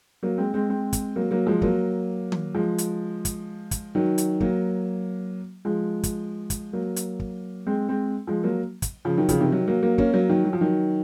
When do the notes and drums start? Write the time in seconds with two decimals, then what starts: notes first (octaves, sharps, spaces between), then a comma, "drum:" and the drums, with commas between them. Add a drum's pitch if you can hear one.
0.23 F#3 A#3
0.38 G#3 C4
0.54 G#3 C4
0.70 G#3 C4
0.93 drum: kick, hi-hat
1.16 F#3 A#3
1.31 F#3 A#3
1.47 F3 G#3
1.62 F#3 A#3, drum: kick
2.32 drum: tom D#3
2.55 F3 G#3
2.78 drum: hi-hat
3.25 drum: kick, hi-hat
3.71 drum: kick, hi-hat
3.95 D#3 F#3
4.18 drum: hi-hat
4.40 F#3 A#3, drum: kick
5.65 F3 G#3
6.04 drum: kick, hi-hat
6.50 drum: kick, hi-hat
6.73 F#3 A#3
6.96 drum: hi-hat
7.20 drum: kick
7.66 G#3 C4
7.89 G#3 C4
8.27 F3 G#3
8.43 F#3 A#3
8.82 drum: kick, hi-hat
9.05 C#3 F3
9.17 D#3 F#3
9.29 C#3 F3, drum: kick, hi-hat
9.41 C3 D#3
9.52 D#3 F#3
9.68 F#3 A#3
9.82 F#3 A#3
9.98 A#3 C#4, drum: kick
10.13 F#3 A#3
10.29 D#3 F#3
10.45 F#3
10.53 F3
10.61 D#3 F#3